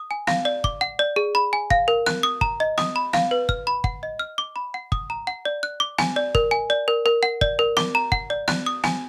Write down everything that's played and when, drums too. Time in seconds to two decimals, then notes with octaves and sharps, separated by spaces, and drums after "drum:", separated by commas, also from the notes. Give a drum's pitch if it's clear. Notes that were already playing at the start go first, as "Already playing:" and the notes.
Already playing: D#6
0.11 G#5
0.27 F5, drum: snare
0.45 D5
0.64 D6, drum: kick
0.81 F#5
0.99 D5
1.16 G#4
1.35 B5
1.53 G#5
1.70 F5, drum: kick
1.88 A#4
2.06 F#6, drum: snare
2.23 D#6
2.41 A#5, drum: kick
2.60 D#5
2.78 D#6, drum: snare
2.96 B5
3.13 F5, drum: snare
3.31 B4
3.49 F6, drum: kick
3.67 B5
3.84 F#5, drum: kick
4.03 D#5
4.19 F6
4.38 D6
4.56 B5
4.74 F#5
4.92 D#6, drum: kick
5.10 A#5
5.27 F#5
5.45 D5
5.63 F#6
5.80 D6
5.98 G#5, drum: snare
6.16 D5
6.35 A#4, drum: kick
6.51 G#5
6.70 D5
6.88 A#4
7.06 A#4
7.23 F#5
7.41 D5, drum: kick
7.59 A#4
7.77 D6, drum: snare
7.95 A#5
8.12 F#5, drum: kick
8.30 D5
8.48 F#6, drum: snare
8.66 D#6
8.84 G#5, drum: snare